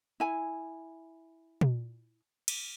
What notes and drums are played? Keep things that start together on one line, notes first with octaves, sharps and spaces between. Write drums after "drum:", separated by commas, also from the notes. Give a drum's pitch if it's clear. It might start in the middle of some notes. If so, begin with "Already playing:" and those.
E4 G#5
drum: tom A#2
drum: cymbal